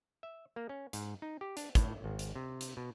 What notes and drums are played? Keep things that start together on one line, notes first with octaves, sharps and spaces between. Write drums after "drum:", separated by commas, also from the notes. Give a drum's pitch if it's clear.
E5
A#3
C#4
G#2, drum: hi-hat
D#4
G4
D4, drum: hi-hat
A2, drum: kick, hi-hat
G#1
drum: hi-hat
C3
drum: hi-hat
B2